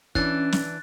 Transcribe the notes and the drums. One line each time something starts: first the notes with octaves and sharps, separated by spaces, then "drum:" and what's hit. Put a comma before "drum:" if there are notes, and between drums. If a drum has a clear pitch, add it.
E3 C#4 D4 F#6 A6, drum: kick
drum: snare